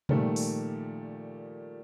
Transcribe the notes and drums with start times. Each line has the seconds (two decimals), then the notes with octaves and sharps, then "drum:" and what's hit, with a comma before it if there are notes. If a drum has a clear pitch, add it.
0.09 A#2 D#3 F3 G3 A3, drum: tom C3
0.36 drum: open hi-hat